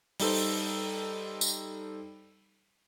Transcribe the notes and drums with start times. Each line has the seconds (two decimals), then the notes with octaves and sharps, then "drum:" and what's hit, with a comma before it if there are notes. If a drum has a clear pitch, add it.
0.20 G3 D#4 A4 C5, drum: open hi-hat
1.41 drum: tambourine